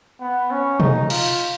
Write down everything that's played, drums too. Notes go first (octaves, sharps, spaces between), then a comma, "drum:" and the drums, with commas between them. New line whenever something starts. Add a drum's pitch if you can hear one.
B3
C#4
D#4, drum: tom B2
F4, drum: cymbal